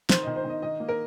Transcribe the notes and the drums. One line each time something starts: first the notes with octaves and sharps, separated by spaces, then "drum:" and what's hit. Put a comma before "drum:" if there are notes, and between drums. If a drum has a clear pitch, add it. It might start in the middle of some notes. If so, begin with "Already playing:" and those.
D#3 C5, drum: snare
D#5
D#3
C5
D#3 D#5
D#3 D#5
A#3
A#4